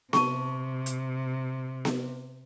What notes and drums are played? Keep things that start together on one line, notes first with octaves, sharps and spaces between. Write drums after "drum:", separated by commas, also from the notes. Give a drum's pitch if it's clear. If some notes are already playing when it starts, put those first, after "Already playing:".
C3 A5 C#6, drum: snare B3
drum: hi-hat
drum: snare B3